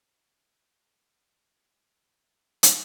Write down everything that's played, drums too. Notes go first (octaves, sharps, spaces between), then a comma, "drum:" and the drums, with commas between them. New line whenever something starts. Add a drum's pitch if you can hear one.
B5
E5
drum: hi-hat